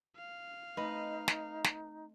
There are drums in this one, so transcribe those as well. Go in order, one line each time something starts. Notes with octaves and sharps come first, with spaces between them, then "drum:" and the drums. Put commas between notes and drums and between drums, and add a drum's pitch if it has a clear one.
F5
A3 C4 D#4 B4 D#5
drum: snare
drum: snare